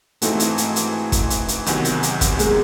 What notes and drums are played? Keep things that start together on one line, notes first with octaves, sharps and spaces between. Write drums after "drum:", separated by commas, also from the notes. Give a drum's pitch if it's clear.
G#2 E3 A3 C4 D#4 F#4, drum: hi-hat
drum: hi-hat
drum: hi-hat
drum: hi-hat
drum: kick, hi-hat
drum: hi-hat
drum: hi-hat
E2 C3 D#3 F#3, drum: hi-hat
drum: hi-hat
drum: hi-hat
drum: kick, hi-hat
G#3, drum: hi-hat